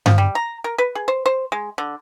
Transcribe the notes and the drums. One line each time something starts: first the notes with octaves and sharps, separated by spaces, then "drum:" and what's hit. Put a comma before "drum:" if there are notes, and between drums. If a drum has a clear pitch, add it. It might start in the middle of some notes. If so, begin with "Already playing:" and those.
F3, drum: tom G2
G3
A#5
A#4
B4
G#4
C5
C5
G#3
D3